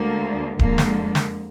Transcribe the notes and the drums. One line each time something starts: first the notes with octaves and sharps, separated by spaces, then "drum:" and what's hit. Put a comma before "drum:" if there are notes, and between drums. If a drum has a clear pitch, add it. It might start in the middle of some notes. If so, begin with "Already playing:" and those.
Already playing: D2 D3 G#3 A#3
F2 D3 G#3 A#3, drum: kick D1
drum: snare
drum: snare